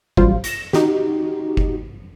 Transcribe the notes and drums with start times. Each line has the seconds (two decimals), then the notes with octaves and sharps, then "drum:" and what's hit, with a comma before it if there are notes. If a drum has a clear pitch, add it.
0.17 A1 F#3 G3 F4 C5, drum: kick F#1
0.44 A#6 E7, drum: hi-hat
0.73 D#4 F#4 G4, drum: snare
1.57 drum: kick F#1